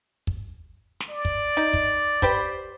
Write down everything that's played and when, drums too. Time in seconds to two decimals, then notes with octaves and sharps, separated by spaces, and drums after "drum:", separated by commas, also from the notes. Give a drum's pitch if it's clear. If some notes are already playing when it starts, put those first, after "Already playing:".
0.27 drum: kick
1.00 drum: snare
1.10 D5
1.25 drum: kick
1.57 D#4
1.74 drum: kick
2.22 G4 B4 C5, drum: kick